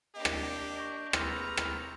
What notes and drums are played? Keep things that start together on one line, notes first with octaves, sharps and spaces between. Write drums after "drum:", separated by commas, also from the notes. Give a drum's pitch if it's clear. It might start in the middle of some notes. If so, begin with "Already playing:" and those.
A#3 D4 G4 D#5
drum: rim click
C#6 G6 A#6
A#3 G#4 B4 A#5 C6 D6 E6 F6, drum: rim click
drum: rim click